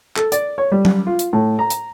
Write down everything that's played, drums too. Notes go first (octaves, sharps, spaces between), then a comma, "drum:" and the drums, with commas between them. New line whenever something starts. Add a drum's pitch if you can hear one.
A4, drum: clap
D5, drum: hi-hat
C#5
G3
drum: tom F#3
F4
drum: hi-hat
A2
A#5
drum: hi-hat